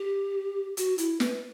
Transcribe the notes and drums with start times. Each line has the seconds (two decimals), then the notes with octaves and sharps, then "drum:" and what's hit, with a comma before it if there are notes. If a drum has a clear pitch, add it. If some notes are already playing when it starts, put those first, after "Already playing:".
Already playing: G4
0.77 F#4, drum: hi-hat
0.98 E4, drum: hi-hat
1.20 B4, drum: snare